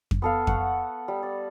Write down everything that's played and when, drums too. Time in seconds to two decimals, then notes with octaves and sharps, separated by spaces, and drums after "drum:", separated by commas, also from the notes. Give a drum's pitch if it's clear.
0.11 drum: kick F2
0.22 B3 A4 F5
0.47 F#5 C#6, drum: kick F2
1.08 G3
1.23 D5